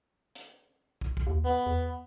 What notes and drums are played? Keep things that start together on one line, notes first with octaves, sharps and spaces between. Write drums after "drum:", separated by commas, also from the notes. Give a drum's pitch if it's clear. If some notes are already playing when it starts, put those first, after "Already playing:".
drum: hi-hat
drum: kick
drum: kick
D#2
B3
E2